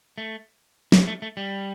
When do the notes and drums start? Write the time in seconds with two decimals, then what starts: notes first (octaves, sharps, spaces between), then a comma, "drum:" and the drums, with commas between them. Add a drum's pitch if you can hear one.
0.18 A3
0.92 A#3, drum: snare
1.07 A3
1.22 A3
1.37 G3